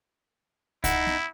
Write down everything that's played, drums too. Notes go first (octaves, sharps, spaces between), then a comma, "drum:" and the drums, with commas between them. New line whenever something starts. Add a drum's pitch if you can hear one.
D#4 E4 F#5, drum: kick C2, hi-hat
drum: snare B3